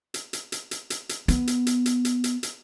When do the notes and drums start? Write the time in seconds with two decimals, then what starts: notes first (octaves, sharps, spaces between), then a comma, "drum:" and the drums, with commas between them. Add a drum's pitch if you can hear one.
0.14 drum: hi-hat
0.33 drum: hi-hat
0.52 drum: hi-hat
0.71 drum: hi-hat
0.90 drum: hi-hat
1.09 drum: hi-hat
1.28 B3, drum: hi-hat
1.47 drum: hi-hat
1.67 drum: hi-hat
1.86 drum: hi-hat
2.05 drum: hi-hat
2.24 drum: hi-hat
2.43 drum: hi-hat